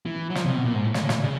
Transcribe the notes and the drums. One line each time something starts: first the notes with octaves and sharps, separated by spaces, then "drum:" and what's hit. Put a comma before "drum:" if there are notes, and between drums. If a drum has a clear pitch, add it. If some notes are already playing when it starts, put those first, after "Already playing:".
E3
F#3
F3, drum: snare
C3
B2
A#2
G#2
A2
drum: snare
drum: snare
C#3